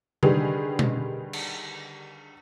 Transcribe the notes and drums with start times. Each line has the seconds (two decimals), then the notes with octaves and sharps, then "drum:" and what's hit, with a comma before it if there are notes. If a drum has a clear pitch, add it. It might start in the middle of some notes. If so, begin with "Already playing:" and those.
0.23 D3 D#3 G3 G#4 B4, drum: tom C3
0.79 drum: tom B2
1.33 drum: cymbal